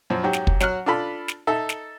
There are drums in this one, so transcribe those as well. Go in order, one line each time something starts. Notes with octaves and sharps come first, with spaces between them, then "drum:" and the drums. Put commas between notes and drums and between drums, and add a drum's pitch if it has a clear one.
F#2 F3
G#2 F#3 G4
drum: snare
drum: kick
F#3 F#4 F#5 F6, drum: snare
D4 F4 A4 B5
drum: snare
D#4 A4 E5
drum: snare